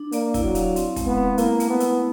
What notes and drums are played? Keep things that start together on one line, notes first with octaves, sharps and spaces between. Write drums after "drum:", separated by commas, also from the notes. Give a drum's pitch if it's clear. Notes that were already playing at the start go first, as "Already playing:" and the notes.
Already playing: D4
A#3 D5, drum: hi-hat
E4, drum: kick, hi-hat
F#3
F5, drum: hi-hat
C4, drum: hi-hat
G#3, drum: kick, hi-hat
B3
C4
A#3 E4, drum: hi-hat
A3, drum: hi-hat
B3
E4, drum: hi-hat